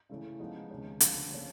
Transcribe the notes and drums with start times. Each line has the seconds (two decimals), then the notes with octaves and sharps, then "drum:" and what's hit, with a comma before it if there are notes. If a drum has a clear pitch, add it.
0.09 C#3 E3 A3 C#4
0.40 C#3 F3 G#3 B3 D#4
0.70 C#2 C3 D#3 G#3 C#4
1.00 D3 F3 A3, drum: hi-hat
1.31 C#3 F3 A#3 C#4